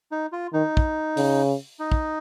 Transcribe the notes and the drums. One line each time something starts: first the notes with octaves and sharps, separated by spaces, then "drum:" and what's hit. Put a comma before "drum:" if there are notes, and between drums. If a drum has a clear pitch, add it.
D#4
F4
D#3 D#4
drum: kick
C#3, drum: open hi-hat
D#4
drum: kick